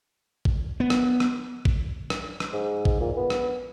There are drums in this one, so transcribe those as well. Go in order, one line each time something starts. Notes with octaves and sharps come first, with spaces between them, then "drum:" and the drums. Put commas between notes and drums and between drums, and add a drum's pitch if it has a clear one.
drum: kick A1
B3
drum: rim click
drum: rim click
drum: kick A1
drum: rim click
drum: rim click
G#2
drum: kick A1
A#2
B3
drum: rim click